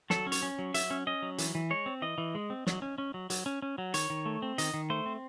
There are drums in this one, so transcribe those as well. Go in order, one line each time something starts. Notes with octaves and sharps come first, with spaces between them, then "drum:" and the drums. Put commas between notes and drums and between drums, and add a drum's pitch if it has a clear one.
F#3 A4, drum: snare
C#4
C#5, drum: hi-hat
C#4
F#3
F#3 E5, drum: hi-hat
C#4
C#4 D#5
F#3
E3, drum: hi-hat
E3
G#3 C#5
C4
E3 D#5
E3
G#3
C4
F#3, drum: snare
C#4
C#4
F#3
F#3, drum: hi-hat
C#4
C#4
F#3
D#3 C#5, drum: hi-hat
D#3
A3
C4
D#3 D#5, drum: hi-hat
D#3
A3 C5
C4